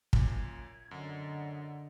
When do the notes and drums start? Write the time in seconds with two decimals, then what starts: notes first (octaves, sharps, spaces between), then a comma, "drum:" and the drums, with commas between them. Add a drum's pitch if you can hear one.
0.13 F#2 A#2 G#6, drum: kick
0.91 F#2 D3 D5 D#5 F#5